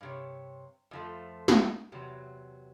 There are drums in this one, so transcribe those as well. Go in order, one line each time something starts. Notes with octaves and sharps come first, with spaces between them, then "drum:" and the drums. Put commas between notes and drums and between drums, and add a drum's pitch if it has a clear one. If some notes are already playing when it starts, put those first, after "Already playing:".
G2 C3 C#5
F2 F3 A3
drum: snare
E2 C3 F#3